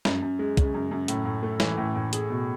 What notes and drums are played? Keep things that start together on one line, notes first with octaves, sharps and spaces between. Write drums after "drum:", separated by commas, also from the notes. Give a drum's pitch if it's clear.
F#2, drum: snare
F#2
G#3
C#3, drum: kick, hi-hat
F#2
F#2
A2, drum: hi-hat
A2
A3
E3, drum: snare
A2
A2
G#4, drum: hi-hat
B2